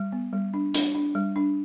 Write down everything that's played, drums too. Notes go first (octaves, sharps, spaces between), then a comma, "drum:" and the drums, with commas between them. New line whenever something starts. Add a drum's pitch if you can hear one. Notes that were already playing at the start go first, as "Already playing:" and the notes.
Already playing: G3
B3
G3
D4
D4, drum: hi-hat
D4
G3
D4